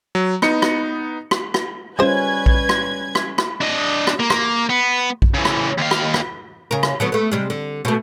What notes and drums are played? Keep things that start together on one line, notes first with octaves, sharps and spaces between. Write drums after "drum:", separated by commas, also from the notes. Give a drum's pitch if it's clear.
F#3
B3 D#4 C#7, drum: rim click
drum: rim click
drum: rim click
drum: rim click
G3 G#3 C#4 F4 B4 C5 G#6
drum: kick A#1
drum: rim click
drum: rim click
drum: rim click
D4 D#5
drum: rim click
A#3
drum: rim click
B3
drum: kick A#1
C#3 E3
drum: rim click
D#2 F5
drum: rim click
drum: rim click
C#3 A#4
drum: rim click
D3 F#3 B3
A3 B3
C3 G3 G#3
D3
B2 A3